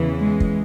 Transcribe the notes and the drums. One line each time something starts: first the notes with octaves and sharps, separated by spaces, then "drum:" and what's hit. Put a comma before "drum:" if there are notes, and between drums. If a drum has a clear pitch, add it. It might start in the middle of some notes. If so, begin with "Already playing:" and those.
Already playing: E2 C#3 E3
G#3
drum: kick